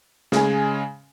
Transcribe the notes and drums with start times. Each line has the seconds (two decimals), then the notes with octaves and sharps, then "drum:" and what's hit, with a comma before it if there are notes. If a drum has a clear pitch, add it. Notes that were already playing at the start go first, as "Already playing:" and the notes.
0.32 C#3 G#3 G#5, drum: snare